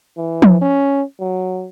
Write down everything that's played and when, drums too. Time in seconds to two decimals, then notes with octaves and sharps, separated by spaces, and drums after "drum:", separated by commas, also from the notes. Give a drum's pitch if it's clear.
0.17 E3
0.42 drum: tom F3
0.61 C#4
1.20 F#3